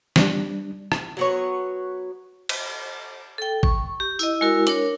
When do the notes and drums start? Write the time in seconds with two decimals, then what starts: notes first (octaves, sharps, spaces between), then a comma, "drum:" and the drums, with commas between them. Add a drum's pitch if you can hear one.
0.16 G3 D4, drum: snare
0.92 drum: rim click
1.17 F#3 B3 C#5
2.49 drum: cymbal
3.38 A4 G5
3.63 C#6, drum: kick
4.00 G4
4.19 E4 D#5, drum: tambourine
4.41 G#3 E4 F#4 A#4
4.67 D4 A#4 C#5, drum: hi-hat